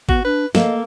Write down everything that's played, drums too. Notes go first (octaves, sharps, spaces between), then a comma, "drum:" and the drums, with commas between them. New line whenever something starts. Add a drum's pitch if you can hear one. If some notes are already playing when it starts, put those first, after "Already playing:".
B3 F#4, drum: kick G#1
D4 B4
A#3 A4 D#5, drum: snare